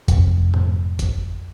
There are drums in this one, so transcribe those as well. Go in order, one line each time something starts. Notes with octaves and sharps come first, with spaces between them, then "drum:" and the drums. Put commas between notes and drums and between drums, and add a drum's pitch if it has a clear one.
F1, drum: kick F#1, hi-hat
drum: tom G#2
drum: kick F#1, hi-hat